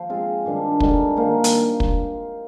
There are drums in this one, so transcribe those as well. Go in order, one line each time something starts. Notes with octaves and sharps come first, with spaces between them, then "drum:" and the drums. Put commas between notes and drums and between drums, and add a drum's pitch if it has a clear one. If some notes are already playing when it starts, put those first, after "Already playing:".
Already playing: F3 C5
G#3 C4 F4 G#4
G2 D#3 G3 D4
G2 D3 G#3 D#4, drum: kick
D#3 A#3 F4 C5
drum: hi-hat
drum: kick